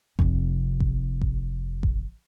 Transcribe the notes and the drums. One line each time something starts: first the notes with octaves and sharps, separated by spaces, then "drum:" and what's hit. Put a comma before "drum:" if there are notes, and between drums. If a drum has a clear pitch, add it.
F1 C3, drum: kick A1
drum: kick A1
drum: kick A1
drum: kick A1